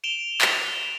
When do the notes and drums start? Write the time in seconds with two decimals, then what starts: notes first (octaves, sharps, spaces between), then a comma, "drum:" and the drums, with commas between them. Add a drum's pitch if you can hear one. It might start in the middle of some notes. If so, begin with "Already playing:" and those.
0.04 D7 E7 F7 G7
0.41 drum: clap